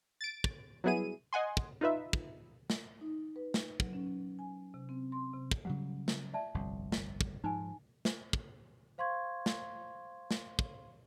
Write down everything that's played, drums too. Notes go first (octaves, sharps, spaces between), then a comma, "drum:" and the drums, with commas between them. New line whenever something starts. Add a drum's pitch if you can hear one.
A6 D7
drum: kick
F#3 G3 B3 E4 G#4 D#7
D#5 F#5 G#5 C6
drum: kick
D#4 F4 B4 E5
drum: kick
drum: snare
D#4
B4
drum: snare
F#3, drum: kick
C#4
G#5
C3
C4
C6
C3
drum: kick
C#3 F#3 G3 F#5
drum: snare
D5 E5 A5
G1 C2 F2
drum: snare
drum: kick
G#2 F3 D#4 G#5
drum: snare
drum: kick
C5 F5 C6 C#6 G#6
drum: snare
drum: snare
drum: kick